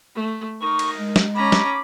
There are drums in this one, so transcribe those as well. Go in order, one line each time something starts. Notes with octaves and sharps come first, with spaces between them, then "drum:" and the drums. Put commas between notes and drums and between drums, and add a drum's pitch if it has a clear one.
A3
D#4 A#4 C#6
drum: cymbal
G#3
drum: snare
C#4 A#5 B5 D6
drum: snare